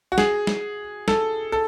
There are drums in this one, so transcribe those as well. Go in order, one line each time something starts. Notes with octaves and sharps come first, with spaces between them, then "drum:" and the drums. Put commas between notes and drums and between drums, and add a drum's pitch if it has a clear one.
F#4
G#4, drum: snare
drum: snare
A4, drum: snare
A4